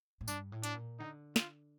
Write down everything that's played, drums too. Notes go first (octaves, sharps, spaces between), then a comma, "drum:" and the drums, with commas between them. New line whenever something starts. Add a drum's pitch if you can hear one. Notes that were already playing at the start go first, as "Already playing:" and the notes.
A2
G2 D4, drum: tambourine
A2
D4, drum: hi-hat
A#2
D3 D#4
F4, drum: snare